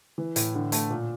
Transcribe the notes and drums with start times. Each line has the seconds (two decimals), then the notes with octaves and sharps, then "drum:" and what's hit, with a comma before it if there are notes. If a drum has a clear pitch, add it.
0.18 E3
0.36 A2, drum: hi-hat
0.55 D3
0.72 A3, drum: hi-hat
0.90 A#2